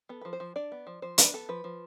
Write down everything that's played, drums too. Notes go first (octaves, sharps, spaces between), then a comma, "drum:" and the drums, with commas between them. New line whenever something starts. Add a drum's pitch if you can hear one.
B3 A4
F3 B4
C5
F3
D4 D5
B3
F3
F3 C5
D4 B4, drum: hi-hat
B3 A4
F3 B4
F3